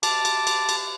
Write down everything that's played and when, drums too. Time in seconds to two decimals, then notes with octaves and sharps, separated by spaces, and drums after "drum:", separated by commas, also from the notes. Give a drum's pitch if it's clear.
0.03 A5 D6, drum: cymbal
0.25 drum: cymbal
0.47 drum: cymbal
0.69 drum: cymbal